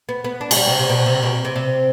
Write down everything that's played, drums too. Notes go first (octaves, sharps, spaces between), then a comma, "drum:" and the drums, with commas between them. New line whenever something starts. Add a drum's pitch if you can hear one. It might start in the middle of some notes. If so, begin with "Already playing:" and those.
B3
B3
D4
G#3, drum: cymbal
G3
C3
C3
B2
C3
B2
C3
C3